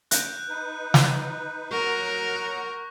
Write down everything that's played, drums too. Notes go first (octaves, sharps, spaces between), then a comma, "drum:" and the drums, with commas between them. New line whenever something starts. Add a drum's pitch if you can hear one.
F#6 G6, drum: hi-hat
D#4 B4
drum: snare
F#3 A#4 F#5 A#5 C#6